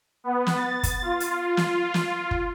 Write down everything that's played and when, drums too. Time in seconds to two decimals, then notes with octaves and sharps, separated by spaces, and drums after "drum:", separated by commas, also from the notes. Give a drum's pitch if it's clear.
0.24 B3
0.47 drum: snare
0.56 A6
0.83 drum: kick F#1, hi-hat
1.02 F4
1.20 drum: hi-hat
1.57 drum: snare
1.94 drum: snare
2.31 drum: kick F#1